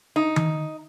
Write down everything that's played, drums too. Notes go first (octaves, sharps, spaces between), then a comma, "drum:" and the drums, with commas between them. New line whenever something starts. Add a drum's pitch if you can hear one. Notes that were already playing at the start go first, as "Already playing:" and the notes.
D#4
drum: tom D#3